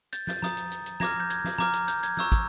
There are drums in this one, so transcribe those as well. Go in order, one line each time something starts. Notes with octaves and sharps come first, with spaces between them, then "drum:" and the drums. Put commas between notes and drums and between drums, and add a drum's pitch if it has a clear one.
G6 A6, drum: hi-hat
G6 A6, drum: snare
A#5 D#6 G6, drum: snare
drum: hi-hat
drum: hi-hat
drum: hi-hat
A#5 D6 F6 G#6 A#6, drum: snare
G6
G#6, drum: hi-hat
drum: snare
A#5 D6 F6, drum: snare
drum: hi-hat
G6, drum: hi-hat
G#6, drum: hi-hat
A#5 C#6 E6 G6, drum: snare
drum: kick, hi-hat